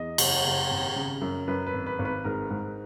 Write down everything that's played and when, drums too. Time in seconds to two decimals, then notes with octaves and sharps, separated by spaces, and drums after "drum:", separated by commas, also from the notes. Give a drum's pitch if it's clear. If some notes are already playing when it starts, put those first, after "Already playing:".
Already playing: E2 D#5
0.18 F#1, drum: cymbal
0.45 F#1
0.70 G#1
0.96 C#3
1.21 F#2
1.47 F#2 B4
1.67 B4
1.73 G#1
1.86 B4
1.99 G#1
2.05 B4
2.25 G#2 A#4
2.50 G#2